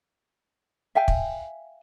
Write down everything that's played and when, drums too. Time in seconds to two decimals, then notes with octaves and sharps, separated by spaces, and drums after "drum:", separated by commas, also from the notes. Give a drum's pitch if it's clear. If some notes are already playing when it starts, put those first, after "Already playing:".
0.95 E5 F5 G5 G#5
1.08 drum: kick